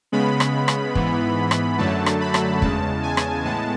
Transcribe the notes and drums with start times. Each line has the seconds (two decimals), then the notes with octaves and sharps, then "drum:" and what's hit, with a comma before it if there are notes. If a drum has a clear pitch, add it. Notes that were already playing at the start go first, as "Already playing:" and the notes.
0.12 C#3 G#3 B3 B5
0.40 drum: rim click
0.68 drum: rim click
0.95 G#2 E3 B3, drum: kick
1.51 drum: rim click
1.78 F#2 D3 F#3 A3 A5
2.06 drum: rim click
2.21 B5
2.34 drum: rim click
2.62 E2 C#3 G#3 A5, drum: kick
3.03 G#5
3.17 drum: rim click
3.44 A2 G#3 B3 A5